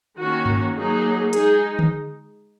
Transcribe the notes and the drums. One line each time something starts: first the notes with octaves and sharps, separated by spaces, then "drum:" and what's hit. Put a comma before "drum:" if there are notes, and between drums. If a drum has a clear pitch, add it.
D#3 A#3 C#4 F#4
drum: tom G2
F#3 A#3 D#4 G#4
G#3 D#4 G#4, drum: hi-hat
drum: tom D3